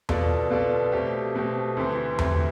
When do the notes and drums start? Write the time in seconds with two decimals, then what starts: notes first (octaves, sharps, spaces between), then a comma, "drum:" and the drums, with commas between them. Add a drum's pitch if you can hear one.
0.09 B2 B3 F4 A4 D5, drum: tom E2
0.51 B2 B3 F4 A4 D5
0.92 B2 A3 C4 G4
1.35 B2 A3 C4 G4
1.77 D2 C3 E3
2.19 D2 C3 E3, drum: tom E2